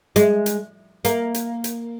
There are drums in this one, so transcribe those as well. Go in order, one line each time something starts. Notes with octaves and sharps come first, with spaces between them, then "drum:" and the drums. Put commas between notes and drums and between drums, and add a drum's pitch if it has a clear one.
G#3, drum: hi-hat
drum: hi-hat
A#3, drum: hi-hat
drum: hi-hat
drum: hi-hat